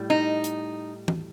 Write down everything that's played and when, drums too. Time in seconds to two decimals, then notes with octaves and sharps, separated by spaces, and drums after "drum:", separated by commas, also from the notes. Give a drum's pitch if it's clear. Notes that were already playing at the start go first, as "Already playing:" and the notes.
Already playing: A2 G3
0.10 D#4
0.44 drum: hi-hat
1.08 drum: tom E3